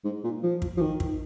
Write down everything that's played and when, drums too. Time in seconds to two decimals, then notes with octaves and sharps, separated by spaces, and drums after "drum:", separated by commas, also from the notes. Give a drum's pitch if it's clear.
0.04 G#2
0.24 A#2
0.43 F3
0.62 drum: kick
0.77 F3
0.81 D#3
1.00 drum: kick